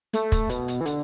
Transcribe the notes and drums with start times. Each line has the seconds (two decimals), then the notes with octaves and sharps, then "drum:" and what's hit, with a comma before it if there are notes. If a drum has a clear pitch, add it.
0.13 A3, drum: hi-hat
0.32 drum: kick, hi-hat
0.50 B2, drum: hi-hat
0.68 drum: hi-hat
0.81 E3
0.86 D3, drum: hi-hat